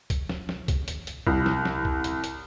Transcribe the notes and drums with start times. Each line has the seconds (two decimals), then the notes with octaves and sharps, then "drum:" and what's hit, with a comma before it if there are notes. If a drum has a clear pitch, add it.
0.10 drum: kick C2, hi-hat
0.29 drum: snare
0.49 drum: snare
0.68 drum: kick C2, hi-hat
0.88 drum: hi-hat
1.07 drum: hi-hat
1.27 C2, drum: kick C2
1.46 drum: snare
1.65 drum: snare
1.85 drum: kick C2
2.04 drum: hi-hat
2.24 drum: hi-hat